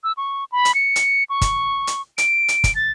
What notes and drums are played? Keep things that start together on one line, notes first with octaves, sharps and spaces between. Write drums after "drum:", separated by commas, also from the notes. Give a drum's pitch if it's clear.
E6
C#6
B5
drum: hi-hat
C#7
drum: hi-hat
C#6
drum: kick, hi-hat
drum: hi-hat
D7, drum: hi-hat
drum: hi-hat
drum: kick, hi-hat
A6